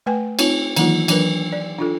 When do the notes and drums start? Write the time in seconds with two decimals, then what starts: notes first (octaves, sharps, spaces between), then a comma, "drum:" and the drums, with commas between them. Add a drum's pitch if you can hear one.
0.06 A3 B4 G5 G#5
0.39 C4 D#4 F4 C#5, drum: cymbal
0.76 D#3 E3 F#3 A#3 D#4 F4, drum: cymbal
1.08 E3 F#3 D4 A#4 B4, drum: cymbal
1.52 D5
1.78 D4 F4 A4